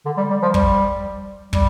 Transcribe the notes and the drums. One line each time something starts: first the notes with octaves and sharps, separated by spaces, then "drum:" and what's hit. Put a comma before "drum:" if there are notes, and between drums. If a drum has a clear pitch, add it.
D3
G3
G3
F3
G3, drum: kick
G3, drum: kick